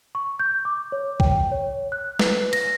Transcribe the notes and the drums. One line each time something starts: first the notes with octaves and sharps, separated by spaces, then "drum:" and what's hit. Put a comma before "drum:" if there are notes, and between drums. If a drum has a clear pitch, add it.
C#6
G6
D6
C#5
G5, drum: kick B1
C#5
F#6
B4, drum: snare
A#6, drum: cymbal